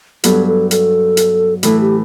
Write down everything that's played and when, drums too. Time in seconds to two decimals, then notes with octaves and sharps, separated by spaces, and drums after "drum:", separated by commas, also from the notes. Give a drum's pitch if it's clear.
0.24 G2 F#3 B3 A4, drum: hi-hat
0.47 A4
0.71 A4, drum: hi-hat
1.17 drum: hi-hat
1.63 A2 E3 A3 E4 A4, drum: hi-hat
1.81 G4